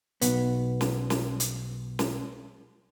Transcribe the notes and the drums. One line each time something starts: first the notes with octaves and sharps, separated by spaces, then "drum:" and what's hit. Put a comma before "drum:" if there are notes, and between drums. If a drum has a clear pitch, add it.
B1 B3, drum: hi-hat
drum: snare
drum: snare
drum: hi-hat
drum: snare